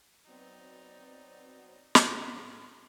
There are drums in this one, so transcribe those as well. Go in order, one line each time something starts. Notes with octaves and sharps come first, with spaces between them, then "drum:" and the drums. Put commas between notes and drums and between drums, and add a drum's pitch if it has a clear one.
F#3 B3 C4 D#4 D5
drum: snare
A2 A3 D4